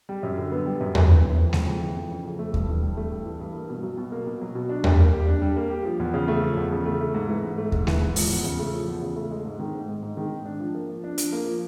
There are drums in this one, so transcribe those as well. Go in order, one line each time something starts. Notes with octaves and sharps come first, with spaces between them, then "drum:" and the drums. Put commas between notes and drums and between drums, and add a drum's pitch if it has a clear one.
G3
F#2
D3
B3
G3
F#2
D3, drum: tom E2
B3
E3
F2
C#3, drum: snare G#3
F2
E3
F2
C#3
F2
A3
G2, drum: kick D#2
E3
G2
A3
G2
E3
G2
A#3
B2
F#3
B2
A#3
B2
F#3
B2
D4
G3, drum: tom E2
A#3
G4
D4
G3
A#3
G4
F3
E2
C#3
A3
F3
E2
C#3
A3
A3
G#2
E3
G#2
A3
G#2, drum: kick D#2
E3, drum: snare G#3
G#2
F3, drum: open hi-hat
E2
C#3
A3
F3
E2
C#3
A3
G#3
G#2
D#3
G#2
G#3
G#2
D#3
G#2
D4
F3
A#3
F3
D4
F3, drum: hi-hat
A#3
F3